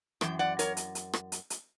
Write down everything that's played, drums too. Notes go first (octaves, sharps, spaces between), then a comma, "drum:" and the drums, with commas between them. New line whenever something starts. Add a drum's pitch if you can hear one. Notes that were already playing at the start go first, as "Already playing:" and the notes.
F#2 E3 G5, drum: rim click
D5 F#5
A#4 C#5, drum: hi-hat
drum: hi-hat
drum: hi-hat
drum: rim click
drum: hi-hat
drum: hi-hat